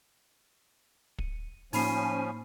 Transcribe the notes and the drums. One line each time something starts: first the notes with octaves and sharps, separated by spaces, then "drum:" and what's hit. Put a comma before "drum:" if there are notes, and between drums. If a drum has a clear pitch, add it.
C#7 D#7, drum: kick
A2 F3 A#3 C#4 D#4 G#5 B5 C7, drum: open hi-hat